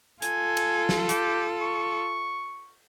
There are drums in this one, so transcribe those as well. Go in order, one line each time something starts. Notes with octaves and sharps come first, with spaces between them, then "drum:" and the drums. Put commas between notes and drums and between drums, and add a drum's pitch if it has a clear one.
F4 A4 G#5, drum: hi-hat
drum: cymbal
drum: snare
G4, drum: hi-hat
C#6